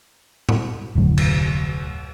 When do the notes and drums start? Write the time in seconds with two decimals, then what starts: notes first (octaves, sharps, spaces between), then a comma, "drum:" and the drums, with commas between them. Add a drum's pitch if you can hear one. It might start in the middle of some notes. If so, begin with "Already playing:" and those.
0.49 drum: tom A2
0.95 F1 D2 A2 F#3
1.18 drum: cymbal